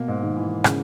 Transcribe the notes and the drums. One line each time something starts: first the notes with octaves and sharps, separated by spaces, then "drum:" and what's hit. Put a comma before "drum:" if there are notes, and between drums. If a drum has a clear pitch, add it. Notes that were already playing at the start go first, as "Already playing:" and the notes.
Already playing: B2 A#3
G#2
D#3
E3
C#3, drum: rim click